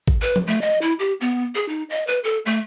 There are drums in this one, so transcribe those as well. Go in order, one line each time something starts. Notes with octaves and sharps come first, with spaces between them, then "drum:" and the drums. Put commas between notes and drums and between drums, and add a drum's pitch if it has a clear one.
drum: kick A1
B4
drum: tom F3
A3
D#5
E4
G4
B3
G#4
D#4
D#5
B4
A4
A3